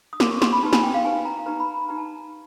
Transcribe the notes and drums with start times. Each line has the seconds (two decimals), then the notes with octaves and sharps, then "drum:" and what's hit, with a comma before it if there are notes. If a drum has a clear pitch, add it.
0.13 D#6
0.20 F#4 A#4 C#5 D6, drum: snare
0.31 C#6
0.42 C6, drum: snare
0.53 B5
0.62 D#4 G4 B4 A5
0.73 G#5, drum: snare
0.83 G5
0.94 F5
1.04 D#4 G4 B4 G#5
1.25 A#5
1.46 D#4 G4 B4 A#5
1.60 B5
1.74 B5
1.88 D#4 G4 B4 A#5
1.98 A5